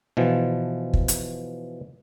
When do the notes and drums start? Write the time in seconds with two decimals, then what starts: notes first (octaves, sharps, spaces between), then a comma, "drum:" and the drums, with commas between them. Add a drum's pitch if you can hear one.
0.17 B2 E3 F3
0.93 drum: kick
1.08 drum: hi-hat